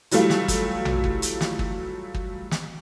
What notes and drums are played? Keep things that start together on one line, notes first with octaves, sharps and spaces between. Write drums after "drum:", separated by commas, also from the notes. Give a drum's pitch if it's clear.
E3 F#3 G3 A3 F4, drum: hi-hat
drum: snare
drum: kick, hi-hat
drum: tom A#1
drum: kick
drum: hi-hat
drum: snare
drum: kick
drum: kick
drum: snare